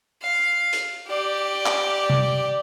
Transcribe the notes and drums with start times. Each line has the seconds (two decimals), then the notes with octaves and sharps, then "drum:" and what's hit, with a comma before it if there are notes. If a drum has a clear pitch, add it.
0.23 F5
0.73 drum: hi-hat
1.08 G4 D5
1.66 drum: clap
2.10 drum: tom C3